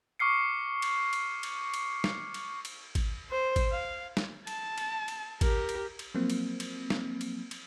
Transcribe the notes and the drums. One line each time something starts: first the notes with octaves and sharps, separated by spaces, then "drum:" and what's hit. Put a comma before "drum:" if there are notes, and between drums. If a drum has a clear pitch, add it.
C#6 D6 F6 C7 C#7
drum: cymbal
drum: cymbal
drum: cymbal
drum: cymbal
drum: snare
drum: cymbal
drum: cymbal
drum: kick, cymbal
C5
drum: kick, cymbal
F5
drum: snare
A5, drum: cymbal
drum: cymbal
drum: cymbal
G4 A#4, drum: kick, cymbal
drum: cymbal
drum: cymbal
F3 F#3 A#3 C4
drum: cymbal
drum: cymbal
drum: snare
drum: cymbal
drum: cymbal